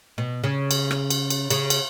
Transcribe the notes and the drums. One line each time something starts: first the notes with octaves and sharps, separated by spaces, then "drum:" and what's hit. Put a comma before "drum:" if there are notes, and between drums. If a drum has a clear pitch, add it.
B2
C#3
drum: cymbal
drum: rim click
drum: cymbal
drum: cymbal
C#3, drum: cymbal
drum: cymbal